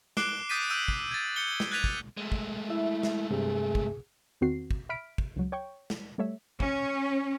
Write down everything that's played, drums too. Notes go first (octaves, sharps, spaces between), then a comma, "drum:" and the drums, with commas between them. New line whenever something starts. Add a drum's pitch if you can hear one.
D6 F#6 C7 D7 E7 G7, drum: snare
D#6 G6 A6 B6 D#7
E6 G6 D7 D#7
drum: kick
G#6 A6
G6 C#7 G7
drum: snare
F#6 G#6 A6 B6 D#7 F7
drum: kick
G#3 A3
drum: kick
E4 E5
drum: snare
G2 C3 G#4
drum: kick
E2 D#3 C4 F#4 C7
drum: kick
E5 B5 F6 B6 D7
drum: kick
C#2 F#3
C#5 G5 C#6
drum: snare
G3 A3 C#5 E5
C#4, drum: kick